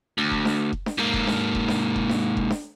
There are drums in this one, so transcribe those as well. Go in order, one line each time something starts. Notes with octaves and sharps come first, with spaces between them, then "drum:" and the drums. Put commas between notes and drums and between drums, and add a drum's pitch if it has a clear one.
D2
drum: kick F1
drum: snare D4
drum: kick F1
drum: snare D4
G#2 A#3
drum: kick F1
drum: snare D4
drum: kick F1
drum: snare D4
drum: kick F1
drum: snare D4
drum: kick F1
drum: snare D4